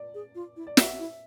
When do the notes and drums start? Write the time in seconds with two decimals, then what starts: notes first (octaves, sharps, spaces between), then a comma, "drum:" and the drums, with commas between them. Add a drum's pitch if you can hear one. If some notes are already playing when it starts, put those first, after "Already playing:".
Already playing: D5
0.14 G#4
0.35 F4
0.57 E4
0.67 D5
0.77 F4 E5, drum: snare
0.99 E4